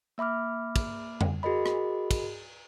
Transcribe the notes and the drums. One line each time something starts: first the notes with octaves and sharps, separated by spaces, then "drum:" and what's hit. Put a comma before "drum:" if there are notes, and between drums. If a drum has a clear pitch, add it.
A#3 E5 B5 D6 F6
drum: kick, cymbal
drum: tom F2
F#4 G#4 A#4 D#5 B5
drum: rim click
drum: kick, cymbal